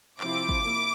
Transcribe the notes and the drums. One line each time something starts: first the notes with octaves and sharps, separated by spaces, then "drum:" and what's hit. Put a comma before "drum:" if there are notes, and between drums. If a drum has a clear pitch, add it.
C3 F3 C4 E4 D6, drum: clap
drum: kick
A#3 E4